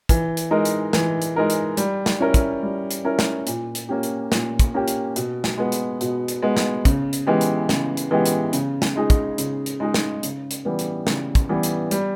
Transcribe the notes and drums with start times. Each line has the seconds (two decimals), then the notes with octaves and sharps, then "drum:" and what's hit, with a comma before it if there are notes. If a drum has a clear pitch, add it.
0.09 E3, drum: kick, hi-hat
0.37 drum: hi-hat
0.51 G#3 D#4 A#4
0.65 drum: hi-hat
0.93 E3, drum: snare
1.22 drum: hi-hat
1.36 G#3 D#4 A#4
1.50 drum: hi-hat
1.77 G3, drum: hi-hat
2.06 drum: snare
2.20 C#4 E4 A#4
2.34 drum: kick, hi-hat
2.63 G3
2.91 drum: hi-hat
3.04 C#4 E4 A#4
3.19 drum: snare
3.47 A#2, drum: hi-hat
3.75 drum: hi-hat
3.89 A#3 C#4 G4
4.03 drum: hi-hat
4.32 A#2, drum: snare
4.59 drum: kick, hi-hat
4.74 A#3 C#4 G4
4.88 drum: hi-hat
5.16 B2, drum: hi-hat
5.44 drum: snare
5.57 G#3 B3
5.72 drum: hi-hat
6.01 B2, drum: hi-hat
6.28 drum: hi-hat
6.42 G#3 B3
6.57 drum: snare
6.85 C#3, drum: kick, hi-hat
7.13 drum: hi-hat
7.27 E3 G#3 B3 G4
7.41 drum: hi-hat
7.69 C#3, drum: snare
7.97 drum: hi-hat
8.11 E3 G#3 B3 G4
8.25 drum: hi-hat
8.53 C#3, drum: hi-hat
8.82 drum: snare
8.96 G#3 D#4 G#4
9.10 drum: kick, hi-hat
9.38 C#3, drum: hi-hat
9.66 drum: hi-hat
9.80 G#3 D#4 G#4
9.94 drum: snare
10.23 C#3, drum: hi-hat
10.51 drum: hi-hat
10.65 E3 G3 B3
10.79 drum: hi-hat
11.07 C#3, drum: snare
11.35 drum: kick, hi-hat
11.49 E3 G3 B3
11.63 drum: hi-hat
11.91 G3, drum: hi-hat